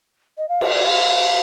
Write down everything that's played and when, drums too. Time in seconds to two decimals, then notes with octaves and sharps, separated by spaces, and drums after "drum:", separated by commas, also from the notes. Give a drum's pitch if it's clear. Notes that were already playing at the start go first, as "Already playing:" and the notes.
0.38 D#5
0.49 F5
0.61 D#5, drum: cymbal
0.72 D5
0.84 F5